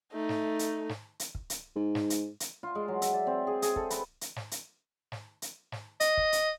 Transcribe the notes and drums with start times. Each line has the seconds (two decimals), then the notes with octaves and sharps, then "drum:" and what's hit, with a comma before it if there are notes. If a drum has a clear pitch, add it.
0.13 A3 D#4
0.29 drum: snare
0.59 drum: hi-hat
0.89 drum: snare
1.20 drum: hi-hat
1.35 drum: kick
1.50 drum: hi-hat
1.76 G#2
1.95 drum: snare
2.10 drum: hi-hat
2.40 drum: hi-hat
2.63 F4
2.75 G#3
2.88 F#3
3.02 E5, drum: hi-hat
3.14 D5
3.27 C4
3.47 G#4
3.62 G#4, drum: hi-hat
3.76 A4, drum: kick
3.90 B4, drum: hi-hat
4.21 drum: hi-hat
4.36 drum: snare
4.51 drum: hi-hat
5.12 drum: snare
5.42 drum: hi-hat
5.72 drum: snare
6.00 D#5, drum: hi-hat
6.17 drum: kick
6.32 drum: hi-hat